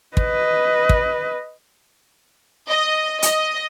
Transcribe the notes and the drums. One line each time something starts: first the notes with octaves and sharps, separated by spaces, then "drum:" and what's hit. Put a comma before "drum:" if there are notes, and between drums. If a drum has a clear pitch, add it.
B4 D#5, drum: kick
drum: kick
D#5
D#5, drum: hi-hat